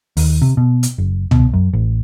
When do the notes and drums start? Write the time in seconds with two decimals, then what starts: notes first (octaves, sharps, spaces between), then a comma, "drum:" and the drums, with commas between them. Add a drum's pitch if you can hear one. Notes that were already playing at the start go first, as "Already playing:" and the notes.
0.17 D#2, drum: open hi-hat
0.42 C3
0.57 B2
0.83 drum: hi-hat
0.98 F#1
1.31 B2, drum: tom
1.53 F#2
1.73 A1